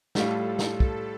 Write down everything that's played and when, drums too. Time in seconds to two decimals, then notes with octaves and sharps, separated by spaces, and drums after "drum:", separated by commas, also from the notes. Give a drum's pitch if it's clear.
0.15 A2 G3 F4 A4, drum: snare
0.59 drum: snare
0.80 A4, drum: kick